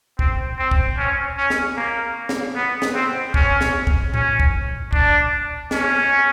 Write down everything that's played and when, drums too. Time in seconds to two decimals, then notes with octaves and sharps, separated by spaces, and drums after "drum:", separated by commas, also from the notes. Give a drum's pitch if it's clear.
0.19 C4, drum: kick
0.58 C4
0.71 drum: kick
0.98 C#4
1.37 C#4
1.50 drum: snare
1.77 A#3
2.29 drum: snare
2.56 B3
2.82 drum: snare
2.95 C4
3.34 C#4, drum: kick
3.61 drum: snare
3.87 drum: kick
4.14 C#4, drum: tom A2
4.40 drum: kick
4.93 D4, drum: kick
5.71 C#4, drum: snare